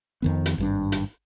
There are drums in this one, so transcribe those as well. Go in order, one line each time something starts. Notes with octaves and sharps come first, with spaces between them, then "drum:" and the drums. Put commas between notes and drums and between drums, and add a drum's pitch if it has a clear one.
F2 D#3 B3
drum: hi-hat
G#1 G2 D4
drum: hi-hat